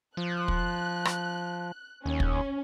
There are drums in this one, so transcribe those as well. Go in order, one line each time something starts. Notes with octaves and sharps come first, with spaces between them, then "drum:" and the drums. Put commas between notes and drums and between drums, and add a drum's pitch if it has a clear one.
F3 F#6
drum: kick
drum: rim click
D#2 C#4
drum: kick